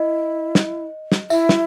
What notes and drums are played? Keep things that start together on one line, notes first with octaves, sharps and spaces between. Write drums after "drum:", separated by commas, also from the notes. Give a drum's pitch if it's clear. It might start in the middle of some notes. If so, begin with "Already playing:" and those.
Already playing: E4 D#5
drum: snare
drum: snare
E4 E5, drum: tambourine
drum: snare